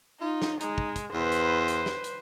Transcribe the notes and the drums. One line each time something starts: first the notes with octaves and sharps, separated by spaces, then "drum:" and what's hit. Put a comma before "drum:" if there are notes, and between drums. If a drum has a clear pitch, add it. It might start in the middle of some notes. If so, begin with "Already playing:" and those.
D#4 F4
drum: snare
G#3 D#4, drum: hi-hat
drum: kick
drum: kick, hi-hat
E2 B4 C5
drum: hi-hat
drum: hi-hat
drum: snare
drum: hi-hat